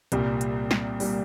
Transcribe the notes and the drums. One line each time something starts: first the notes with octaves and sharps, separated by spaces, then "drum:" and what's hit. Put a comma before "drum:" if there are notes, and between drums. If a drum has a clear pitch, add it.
C2 A#2 G3, drum: hi-hat
drum: hi-hat
drum: snare
A#2 G3, drum: open hi-hat